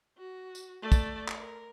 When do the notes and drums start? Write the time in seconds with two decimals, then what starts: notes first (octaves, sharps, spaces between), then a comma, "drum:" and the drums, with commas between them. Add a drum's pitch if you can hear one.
0.18 F#4
0.55 drum: tambourine
0.82 A3 D5
0.92 drum: kick, tambourine
1.28 drum: clap
1.40 A#4